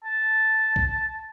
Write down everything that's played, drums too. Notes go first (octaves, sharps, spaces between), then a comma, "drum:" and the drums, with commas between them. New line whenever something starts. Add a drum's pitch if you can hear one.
A5
drum: kick B1